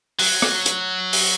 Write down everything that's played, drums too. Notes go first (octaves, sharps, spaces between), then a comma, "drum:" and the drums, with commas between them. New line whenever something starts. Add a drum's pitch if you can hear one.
F#3, drum: open hi-hat
drum: rim click
drum: hi-hat
drum: open hi-hat